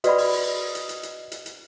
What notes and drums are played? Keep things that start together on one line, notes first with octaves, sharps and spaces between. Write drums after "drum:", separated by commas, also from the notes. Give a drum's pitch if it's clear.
F#4 B4 D5 D#5 F#5 B5, drum: hi-hat
drum: open hi-hat
drum: open hi-hat
drum: hi-hat
drum: hi-hat
drum: hi-hat
drum: hi-hat
drum: hi-hat